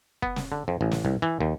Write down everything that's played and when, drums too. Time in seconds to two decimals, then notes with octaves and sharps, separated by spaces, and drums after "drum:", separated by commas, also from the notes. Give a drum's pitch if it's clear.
0.22 B3, drum: kick
0.36 drum: snare
0.52 D3
0.68 F2
0.81 A1
0.91 drum: snare
1.05 C2
1.22 E3
1.40 D#2